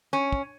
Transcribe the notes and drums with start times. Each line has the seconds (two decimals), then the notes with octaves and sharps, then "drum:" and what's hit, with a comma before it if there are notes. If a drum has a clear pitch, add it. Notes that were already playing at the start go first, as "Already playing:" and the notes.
0.13 C#4
0.33 drum: kick